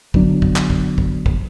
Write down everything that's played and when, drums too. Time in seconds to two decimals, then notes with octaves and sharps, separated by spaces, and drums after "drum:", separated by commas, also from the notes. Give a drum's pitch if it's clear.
0.14 D3 F#3 B3 D4, drum: kick
0.42 drum: kick
0.56 drum: clap
0.70 drum: kick
0.98 drum: kick
1.26 drum: kick